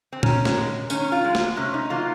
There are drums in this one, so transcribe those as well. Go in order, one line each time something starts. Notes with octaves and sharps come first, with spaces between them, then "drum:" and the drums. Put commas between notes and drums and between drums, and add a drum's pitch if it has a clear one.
C4
D#3 C#4, drum: tom
drum: snare
G#3
D#3 C#4, drum: tambourine
F4
G#3
drum: snare
C3 C#4
D#4
F#3 A#3 F4